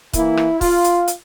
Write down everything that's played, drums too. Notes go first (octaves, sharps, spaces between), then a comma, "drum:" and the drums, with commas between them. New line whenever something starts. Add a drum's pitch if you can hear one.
E3 A#3 E4, drum: kick C#1, hi-hat
drum: rim click
F4, drum: kick C#1, open hi-hat
drum: hi-hat
drum: hi-hat